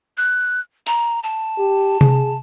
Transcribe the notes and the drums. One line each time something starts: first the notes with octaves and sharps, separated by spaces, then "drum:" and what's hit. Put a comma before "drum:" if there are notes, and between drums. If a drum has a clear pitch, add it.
F#6
A#5, drum: hi-hat
A5
G4
G#4, drum: tom C3